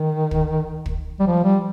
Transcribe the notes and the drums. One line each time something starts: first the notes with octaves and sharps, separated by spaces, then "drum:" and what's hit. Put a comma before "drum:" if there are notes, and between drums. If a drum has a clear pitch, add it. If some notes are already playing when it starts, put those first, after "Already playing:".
Already playing: D#3
drum: kick
drum: kick
G3
F3
G3